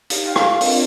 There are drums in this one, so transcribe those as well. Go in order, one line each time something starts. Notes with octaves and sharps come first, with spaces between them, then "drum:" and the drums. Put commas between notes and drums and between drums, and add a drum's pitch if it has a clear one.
D#4 G4 F5, drum: hi-hat
F5 G5
drum: rim click
C4 D4 F4, drum: open hi-hat